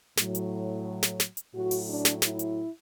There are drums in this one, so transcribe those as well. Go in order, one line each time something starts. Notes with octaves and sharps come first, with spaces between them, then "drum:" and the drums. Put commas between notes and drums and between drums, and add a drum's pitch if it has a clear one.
A2 F#3, drum: snare
drum: hi-hat
drum: snare
drum: snare
drum: hi-hat
A2 F#3 F#4
drum: open hi-hat
D4
drum: snare
E4, drum: snare
drum: hi-hat